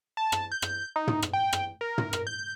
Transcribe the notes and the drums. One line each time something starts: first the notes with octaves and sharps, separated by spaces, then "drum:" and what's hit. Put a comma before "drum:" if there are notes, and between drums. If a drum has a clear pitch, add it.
A5
drum: rim click
G6
drum: rim click
D#4
drum: tom
drum: rim click
G5
drum: rim click
A#4
drum: tom
drum: rim click
G6